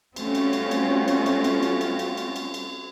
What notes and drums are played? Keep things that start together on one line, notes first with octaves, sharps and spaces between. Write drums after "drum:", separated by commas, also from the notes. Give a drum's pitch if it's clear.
G3 A3 C4 C#4 F4 F#4, drum: cymbal
drum: cymbal
drum: cymbal
drum: cymbal
drum: cymbal
drum: cymbal
drum: cymbal
drum: cymbal
drum: cymbal
drum: cymbal
drum: cymbal
drum: cymbal
drum: cymbal